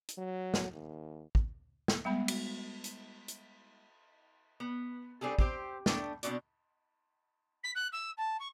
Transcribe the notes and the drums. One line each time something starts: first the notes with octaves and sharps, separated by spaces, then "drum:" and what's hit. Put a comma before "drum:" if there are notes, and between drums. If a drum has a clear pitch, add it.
drum: hi-hat
F#3
drum: snare
D#2
drum: kick
drum: snare
G3 G#3 B3 B5
drum: cymbal
drum: hi-hat
drum: hi-hat
B3
G3 C4 D4 G#4 A4
C4 G4 C5, drum: kick
A3 B3 D4 G5, drum: snare
B2 C4 D4 D#4 F#4 D5, drum: hi-hat
B6
F#6
E6
A5
C#6